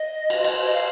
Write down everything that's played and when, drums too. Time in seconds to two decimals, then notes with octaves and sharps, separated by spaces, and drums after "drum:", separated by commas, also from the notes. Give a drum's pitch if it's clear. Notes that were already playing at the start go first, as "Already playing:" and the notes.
Already playing: D#5
0.30 drum: cymbal
0.44 drum: cymbal
0.66 D#5
0.73 F5